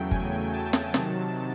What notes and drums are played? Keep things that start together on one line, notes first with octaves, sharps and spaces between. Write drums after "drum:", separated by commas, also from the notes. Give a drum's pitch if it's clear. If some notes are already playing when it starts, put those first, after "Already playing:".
Already playing: E2 C#3 F#3 A3 G5
G#5, drum: kick
A5
drum: snare
C3 D#3 F#3, drum: snare